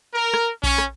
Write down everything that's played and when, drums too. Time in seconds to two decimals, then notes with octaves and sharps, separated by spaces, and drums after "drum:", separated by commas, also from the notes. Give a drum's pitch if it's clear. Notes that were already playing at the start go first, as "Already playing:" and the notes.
0.14 A#4
0.34 drum: rim click
0.63 C#4, drum: kick A#1
0.78 drum: rim click